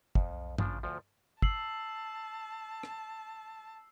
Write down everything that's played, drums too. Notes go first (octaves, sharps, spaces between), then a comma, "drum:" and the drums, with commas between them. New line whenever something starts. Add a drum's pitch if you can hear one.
F2, drum: kick
B1
A1 C#3 F3 D4, drum: tom G2
D2 F3
A5 E6 C7 F#7, drum: kick
drum: rim click